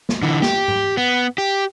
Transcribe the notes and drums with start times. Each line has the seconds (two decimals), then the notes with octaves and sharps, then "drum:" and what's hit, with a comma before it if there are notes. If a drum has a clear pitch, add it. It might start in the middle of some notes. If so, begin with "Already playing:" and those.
0.09 drum: snare
0.22 D3 E3
0.42 G4, drum: snare
0.68 drum: tom G#2
0.97 B3
1.38 G4